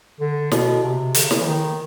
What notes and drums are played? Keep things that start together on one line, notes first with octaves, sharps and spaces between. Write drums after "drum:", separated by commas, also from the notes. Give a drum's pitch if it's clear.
D3
B2, drum: snare
C3
D3, drum: hi-hat
C#3
D3, drum: snare
E3
D#3